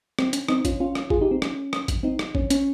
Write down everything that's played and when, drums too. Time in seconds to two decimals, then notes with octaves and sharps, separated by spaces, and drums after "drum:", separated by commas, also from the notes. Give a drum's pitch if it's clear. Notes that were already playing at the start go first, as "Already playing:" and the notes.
0.19 C4, drum: rim click
0.33 C#4, drum: hi-hat
0.48 C4 D#4, drum: rim click
0.65 C#4 F4, drum: kick G#1, hi-hat
0.80 C#4 F4
0.95 drum: rim click
1.10 F4 G#4, drum: kick G#1
1.21 D#4 G4
1.31 C4
1.42 C#4, drum: rim click
1.73 drum: rim click
1.88 drum: kick G#1, hi-hat
2.03 C4 D#4
2.19 drum: rim click
2.35 C#4, drum: kick G#1
2.50 C#4, drum: hi-hat